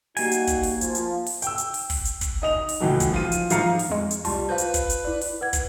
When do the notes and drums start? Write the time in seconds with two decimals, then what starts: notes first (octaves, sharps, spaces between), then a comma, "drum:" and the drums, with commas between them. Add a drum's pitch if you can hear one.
0.17 G3 A#3 D#4 F#4 G#5, drum: open hi-hat
0.32 drum: hi-hat
0.47 drum: kick, hi-hat
0.63 drum: open hi-hat
0.81 F3, drum: hi-hat
0.95 drum: hi-hat
1.26 drum: open hi-hat
1.42 G5 E6, drum: hi-hat
1.58 drum: hi-hat
1.74 drum: open hi-hat
1.90 drum: kick, open hi-hat
2.05 drum: hi-hat
2.21 drum: kick, hi-hat
2.42 D#4 D#5 F7
2.69 drum: open hi-hat
2.80 C#2 A2 E3 F#3
3.00 drum: kick, hi-hat
3.12 F3 F4 D#7
3.32 drum: hi-hat
3.50 G#2 F3 F5 A#5 C#7, drum: hi-hat
3.79 drum: open hi-hat
3.90 F2 G#3
4.11 drum: hi-hat
4.25 C2 G3 F4 A5, drum: open hi-hat
4.49 F4 B4 C5 F5 G6
4.58 drum: hi-hat
4.74 drum: kick, hi-hat
4.90 drum: hi-hat
5.04 E4 D5
5.21 drum: open hi-hat
5.41 B4 F#5 G#6
5.53 drum: kick, hi-hat